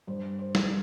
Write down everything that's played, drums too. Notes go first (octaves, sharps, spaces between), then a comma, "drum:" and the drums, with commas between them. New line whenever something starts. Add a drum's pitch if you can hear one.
G2 C5
C5
G2, drum: snare